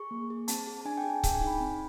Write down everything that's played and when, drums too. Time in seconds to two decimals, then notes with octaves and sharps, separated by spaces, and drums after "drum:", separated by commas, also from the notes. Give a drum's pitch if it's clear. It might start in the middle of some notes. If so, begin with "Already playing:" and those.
Already playing: G#4 C#6
0.11 A#3
0.30 G#4
0.48 C4 A5, drum: hi-hat
0.67 G#4
0.81 A5
0.85 D4 G#5
0.98 G5
1.04 G#4
1.10 G#5
1.23 G#4 G5, drum: kick C#1, hi-hat
1.35 G#5
1.41 D#4
1.47 B5
1.60 C4